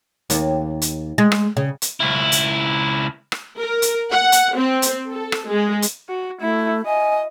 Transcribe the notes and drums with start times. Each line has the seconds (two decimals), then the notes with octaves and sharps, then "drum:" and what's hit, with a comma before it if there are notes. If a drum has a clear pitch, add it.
0.30 D#2, drum: hi-hat
0.82 drum: hi-hat
1.18 G#3
1.32 drum: rim click
1.57 C#3
1.82 drum: hi-hat
2.00 C#2 E4
2.32 drum: hi-hat
3.32 drum: rim click
3.58 A#4
3.82 drum: hi-hat
4.11 F#5
4.32 drum: hi-hat
4.57 C4
4.82 drum: hi-hat
5.11 A4
5.32 drum: rim click
5.48 G#3
5.82 drum: hi-hat
6.09 F#4
6.41 A3 E4
6.86 D#5 G#5